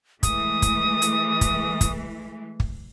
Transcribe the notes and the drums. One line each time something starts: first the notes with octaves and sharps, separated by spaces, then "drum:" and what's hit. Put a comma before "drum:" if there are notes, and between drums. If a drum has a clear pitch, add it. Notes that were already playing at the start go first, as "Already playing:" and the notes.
E3 G#3 A3 D#6, drum: kick, hi-hat
drum: kick, hi-hat
drum: hi-hat
drum: kick, hi-hat
drum: kick, hi-hat
drum: kick